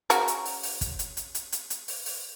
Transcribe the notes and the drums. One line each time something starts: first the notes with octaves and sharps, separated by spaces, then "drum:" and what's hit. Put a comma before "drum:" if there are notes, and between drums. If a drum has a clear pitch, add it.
C#3 F#4 A#4, drum: hi-hat
drum: hi-hat
drum: open hi-hat
drum: open hi-hat
drum: kick, hi-hat
drum: hi-hat
drum: hi-hat
drum: hi-hat
drum: hi-hat
drum: hi-hat
drum: open hi-hat
drum: open hi-hat